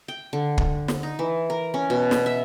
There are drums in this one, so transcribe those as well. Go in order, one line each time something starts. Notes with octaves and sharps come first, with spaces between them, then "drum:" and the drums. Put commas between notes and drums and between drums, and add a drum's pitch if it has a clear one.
G5
D3
drum: kick
drum: snare
D#4
E3
A#4
C#4
B2
drum: snare
E5